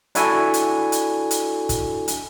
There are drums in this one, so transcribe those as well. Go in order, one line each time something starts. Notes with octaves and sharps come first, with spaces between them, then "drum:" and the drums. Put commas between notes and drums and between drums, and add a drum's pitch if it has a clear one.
D4 E4 F#4 A4 G#5, drum: hi-hat
drum: hi-hat
drum: hi-hat
drum: hi-hat
drum: kick, hi-hat
drum: hi-hat